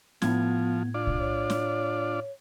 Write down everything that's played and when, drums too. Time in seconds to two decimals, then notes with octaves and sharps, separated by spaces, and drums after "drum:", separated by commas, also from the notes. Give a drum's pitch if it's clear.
0.22 A2 F3 B3 G#6, drum: snare
0.94 D4 F4 D5
1.07 drum: kick
1.19 C#5
1.50 drum: snare